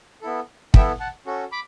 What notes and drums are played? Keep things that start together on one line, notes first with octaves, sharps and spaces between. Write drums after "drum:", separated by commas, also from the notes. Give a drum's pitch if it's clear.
B3 E4 A4
B3 E4 A4 E5 G5, drum: kick
F#5 A5
C#4 F#4 A4
B5 D6